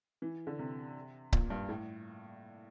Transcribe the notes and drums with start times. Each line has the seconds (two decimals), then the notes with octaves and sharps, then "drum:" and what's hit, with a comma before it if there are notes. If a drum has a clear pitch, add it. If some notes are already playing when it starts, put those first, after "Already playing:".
0.22 E3
0.47 D3
0.59 C3
1.33 A#2, drum: kick C#1
1.50 G2
1.69 A2